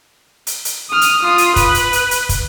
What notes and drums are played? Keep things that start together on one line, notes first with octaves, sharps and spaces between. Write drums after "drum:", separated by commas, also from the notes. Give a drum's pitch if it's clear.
drum: hi-hat
drum: hi-hat
D#6 F6
drum: hi-hat
F4 D#6
drum: hi-hat
B4, drum: kick, hi-hat
drum: hi-hat
drum: hi-hat
drum: hi-hat
drum: kick, hi-hat